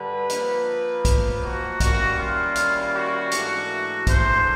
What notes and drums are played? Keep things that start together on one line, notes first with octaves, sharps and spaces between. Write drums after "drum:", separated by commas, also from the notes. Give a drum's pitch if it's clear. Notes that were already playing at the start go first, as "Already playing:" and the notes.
Already playing: G2 D3 G3 B4
F3 A#3 D#4, drum: hi-hat
drum: kick, hi-hat
F#4
D#3 G3 A#3 C#4 E4 F#4, drum: kick, hi-hat
F4
drum: hi-hat
F#4
G#2 E3 A3 D4, drum: hi-hat
C5, drum: kick, hi-hat